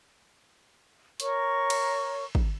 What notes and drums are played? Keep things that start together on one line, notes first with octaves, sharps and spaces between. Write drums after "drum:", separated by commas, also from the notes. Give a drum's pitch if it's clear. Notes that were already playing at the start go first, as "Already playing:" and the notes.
A#4 C#5 C#6, drum: hi-hat
drum: cymbal
drum: kick